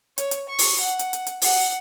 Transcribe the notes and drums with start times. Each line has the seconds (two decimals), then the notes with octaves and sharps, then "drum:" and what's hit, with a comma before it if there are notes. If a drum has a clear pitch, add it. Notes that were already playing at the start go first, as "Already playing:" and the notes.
0.18 C#5, drum: hi-hat
0.31 drum: hi-hat
0.49 C#6
0.58 drum: open hi-hat
0.80 F#5
0.99 drum: hi-hat
1.13 drum: hi-hat
1.27 drum: hi-hat
1.42 F#5, drum: open hi-hat